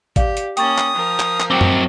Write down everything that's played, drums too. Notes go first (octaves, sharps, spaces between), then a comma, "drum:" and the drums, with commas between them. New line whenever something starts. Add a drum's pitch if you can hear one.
G4 D5 F5, drum: kick, hi-hat
drum: hi-hat
A#3 C#4 G5 C#6 D#6 A6, drum: hi-hat
drum: clap
F3 A#4
drum: clap
drum: clap
F#3 C4 G5 D6
drum: tom F#2